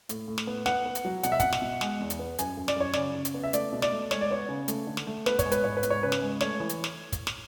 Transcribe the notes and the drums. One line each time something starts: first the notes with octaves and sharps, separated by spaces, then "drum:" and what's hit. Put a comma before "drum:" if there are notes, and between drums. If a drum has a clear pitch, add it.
A2, drum: hi-hat
A2
drum: snare
B3
B3 F#5, drum: snare
B3
drum: hi-hat
F#3
B2 F#5, drum: hi-hat
E5
B2 F#5, drum: kick, hi-hat
drum: snare
B2
G#3, drum: snare
E2
drum: hi-hat
B3
F#2 G#5, drum: hi-hat
F#2
D5, drum: snare
F#2 C#5
C#3 D5, drum: snare
C#3
drum: hi-hat
B3
E5
A3 D5, drum: hi-hat
B2
D5, drum: snare
A3
G#3 C#5, drum: snare
D5
B3 C#5
C#3
A3, drum: hi-hat
D3
drum: snare
A3
B3 B4, drum: snare
C#5, drum: kick, hi-hat
G#3
B4, drum: hi-hat
G#2 C#5
B4
B3, drum: hi-hat
C#5
C#3 B4
drum: snare
G#3
A3 C#5, drum: snare
E3
drum: hi-hat
drum: snare
drum: kick, hi-hat
drum: snare